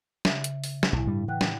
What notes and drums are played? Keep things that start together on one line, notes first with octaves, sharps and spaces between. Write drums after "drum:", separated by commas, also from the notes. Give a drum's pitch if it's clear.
C#3 E5, drum: snare
drum: hi-hat
drum: open hi-hat
drum: snare
B1 A2 E4
G2 G3
E3 F#5 G5 F#6
drum: snare